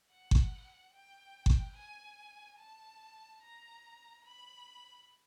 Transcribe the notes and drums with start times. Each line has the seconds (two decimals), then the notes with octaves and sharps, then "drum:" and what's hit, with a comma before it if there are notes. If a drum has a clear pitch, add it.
0.11 F#5
0.31 drum: kick G1
0.93 G5
1.46 drum: kick G1
1.75 G#5
2.58 A5
3.41 A#5
4.24 B5